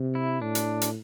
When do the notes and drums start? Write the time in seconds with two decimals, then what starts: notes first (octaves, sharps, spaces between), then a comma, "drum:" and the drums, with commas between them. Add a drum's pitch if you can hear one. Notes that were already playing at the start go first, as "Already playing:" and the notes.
Already playing: C3
0.15 E4
0.41 A2 D4
0.55 drum: hi-hat
0.81 drum: hi-hat